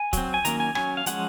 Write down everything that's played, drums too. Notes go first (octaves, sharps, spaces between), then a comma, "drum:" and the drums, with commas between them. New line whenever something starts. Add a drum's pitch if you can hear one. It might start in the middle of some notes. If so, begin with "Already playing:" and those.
Already playing: G#5
F#3 C4, drum: kick, hi-hat
G#5
D#3 F#3 A#3 C#4 A#5, drum: hi-hat
G#5
F#3 C#4 G#5, drum: rim click
F5
F3 G#3 C#4 F#5, drum: hi-hat